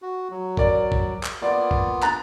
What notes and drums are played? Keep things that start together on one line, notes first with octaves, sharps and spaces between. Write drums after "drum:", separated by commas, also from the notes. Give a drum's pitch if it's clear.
F#4
F#3
A#4 D5, drum: kick
drum: kick
drum: clap
A#3 B3 F4 D5
drum: kick
A#5 F#6 A6, drum: clap